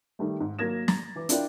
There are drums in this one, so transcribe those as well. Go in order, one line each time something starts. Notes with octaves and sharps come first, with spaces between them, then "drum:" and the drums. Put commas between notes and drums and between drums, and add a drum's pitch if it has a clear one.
D#3 G3 A3
G#2
F#3 A#3 G#6 A#6 E7
A#5 A6, drum: snare
E3 D6
D4 E4 F4 A#4 D5 G5, drum: hi-hat